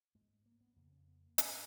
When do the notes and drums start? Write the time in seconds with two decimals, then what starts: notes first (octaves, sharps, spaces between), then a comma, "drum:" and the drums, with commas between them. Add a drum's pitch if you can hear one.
0.15 G#2 G#3
0.46 A#3
0.61 B3
0.76 F2 C#3 A#3
0.92 C#4
1.08 B3
1.23 A#3
1.38 G#2, drum: hi-hat